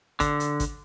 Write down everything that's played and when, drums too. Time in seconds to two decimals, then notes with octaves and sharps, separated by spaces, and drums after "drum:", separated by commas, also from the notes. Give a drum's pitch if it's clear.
0.20 D3, drum: kick G#1, hi-hat
0.40 drum: hi-hat
0.60 drum: kick G#1, hi-hat